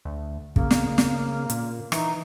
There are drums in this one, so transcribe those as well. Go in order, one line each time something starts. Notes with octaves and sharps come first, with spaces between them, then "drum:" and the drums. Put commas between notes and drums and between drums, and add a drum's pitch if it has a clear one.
D2
C#3 A#3, drum: kick
drum: snare
drum: snare
A#2, drum: hi-hat
E3 D#4, drum: rim click